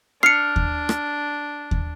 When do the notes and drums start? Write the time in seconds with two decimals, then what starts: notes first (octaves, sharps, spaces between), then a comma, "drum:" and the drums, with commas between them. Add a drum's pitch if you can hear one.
0.23 D4 F6 C7 C#7
0.56 drum: kick D#2
0.89 drum: rim click
1.71 drum: kick D#2